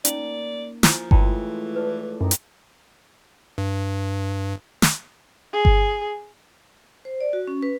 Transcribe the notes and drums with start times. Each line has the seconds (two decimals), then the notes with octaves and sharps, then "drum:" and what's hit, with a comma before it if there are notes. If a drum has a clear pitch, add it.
0.05 A#3 C#4 D#4 D5, drum: hi-hat
0.83 F3 E4 G#5, drum: snare
1.11 A2 E3 F3 G#3 F4 G5 A5, drum: kick G1
1.76 A4 B4 D5
2.21 F#2 D#4 G4 A#4
2.31 drum: hi-hat
3.58 G2
4.82 drum: snare
5.53 G#4
5.65 drum: kick G1
7.05 C5
7.21 D5
7.33 F#4
7.47 C#4
7.63 B4